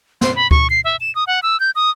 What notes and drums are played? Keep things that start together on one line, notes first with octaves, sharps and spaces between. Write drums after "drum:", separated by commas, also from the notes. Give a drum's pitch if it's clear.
C6, drum: snare
B5
C#6, drum: kick D2
C7
E5
E7
D#6
F#5
E6
G6
D#6